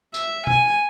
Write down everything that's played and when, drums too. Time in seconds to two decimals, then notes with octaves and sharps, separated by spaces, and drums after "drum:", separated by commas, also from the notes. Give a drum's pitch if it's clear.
0.14 E5, drum: tambourine
0.47 G#5, drum: tom